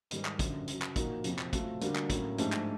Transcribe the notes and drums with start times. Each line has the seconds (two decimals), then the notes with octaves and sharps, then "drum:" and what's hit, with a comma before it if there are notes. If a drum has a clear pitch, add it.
0.11 G#2 D#3 G3, drum: hi-hat
0.25 drum: clap
0.39 F#2 D3 F3, drum: kick, hi-hat
0.68 F#2 C#3 F#3, drum: hi-hat
0.82 drum: clap
0.96 A#2 F3 A#3 D#4 F#4, drum: kick, hi-hat
1.24 F2 C3 F3, drum: hi-hat
1.39 drum: clap
1.53 F#3 A3 C4 F4, drum: kick, hi-hat
1.81 D3 G3 A#3 D4 F#4, drum: hi-hat
1.96 drum: clap
2.10 A2 F#3 A#3 C#4, drum: kick, hi-hat
2.38 G#2 F3 A3 D4 G4, drum: hi-hat
2.52 drum: clap